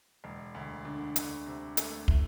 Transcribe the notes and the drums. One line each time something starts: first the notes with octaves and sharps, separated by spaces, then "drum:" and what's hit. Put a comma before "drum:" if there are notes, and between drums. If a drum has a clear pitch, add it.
E1
D2
D3
D2, drum: hi-hat
C3
A3, drum: hi-hat
E4, drum: kick